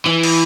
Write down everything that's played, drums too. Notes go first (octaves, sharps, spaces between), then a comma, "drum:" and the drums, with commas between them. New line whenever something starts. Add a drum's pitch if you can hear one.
E3
drum: cymbal